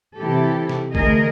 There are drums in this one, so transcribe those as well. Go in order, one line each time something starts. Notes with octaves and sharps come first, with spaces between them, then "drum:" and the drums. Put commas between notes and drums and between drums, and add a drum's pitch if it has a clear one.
C3 E3 E4 G4 A4
drum: snare
D2 E3 A3 G#4 A#4 D#5, drum: kick A#1